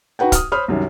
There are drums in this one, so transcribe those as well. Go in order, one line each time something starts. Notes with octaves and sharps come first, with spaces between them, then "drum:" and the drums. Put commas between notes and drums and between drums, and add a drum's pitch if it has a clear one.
D#4 F#4 B4 F#5 G5
D#6 F6, drum: kick, hi-hat
C5 C#5 B5 D#6 F6
C2 F#2 D#3